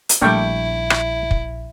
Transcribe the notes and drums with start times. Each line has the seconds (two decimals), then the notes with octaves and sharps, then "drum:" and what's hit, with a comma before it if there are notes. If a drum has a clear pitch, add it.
0.09 drum: hi-hat
0.22 A#1 G3 A3 A#3 D4 E4 G5 C#6
0.90 drum: rim click
1.31 drum: kick